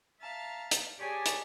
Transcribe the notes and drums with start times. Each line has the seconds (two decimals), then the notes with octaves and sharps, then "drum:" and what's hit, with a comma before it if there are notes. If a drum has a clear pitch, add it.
0.21 E5 F5 A5 A#5
0.71 drum: hi-hat
0.99 G4 G#4 C#5 D5 G#5 A5
1.26 drum: hi-hat